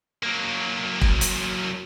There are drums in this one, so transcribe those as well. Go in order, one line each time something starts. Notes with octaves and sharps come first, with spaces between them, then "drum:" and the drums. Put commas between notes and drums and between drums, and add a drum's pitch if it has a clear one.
F#3 A#3
drum: kick E1
drum: hi-hat